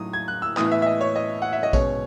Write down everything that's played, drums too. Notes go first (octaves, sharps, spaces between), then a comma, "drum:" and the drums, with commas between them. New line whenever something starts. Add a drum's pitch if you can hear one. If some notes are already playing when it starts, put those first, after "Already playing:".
Already playing: A2 F#3 A3 D#4 D#6
G#6
F#6
E6
A2 E3 B3 E4 D#6, drum: clap
E5
E5
D#5
C#5
D#5
F#5
E5
D#5
B2 G#3 C#4 C#5, drum: kick A#1, tambourine